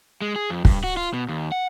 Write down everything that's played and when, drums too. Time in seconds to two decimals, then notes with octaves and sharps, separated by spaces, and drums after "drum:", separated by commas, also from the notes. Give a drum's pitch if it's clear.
0.22 G#3
0.36 G#4
0.50 F2
0.65 G2, drum: kick
0.84 F#4
0.97 F4
1.14 B2
1.28 D#2
1.52 F#5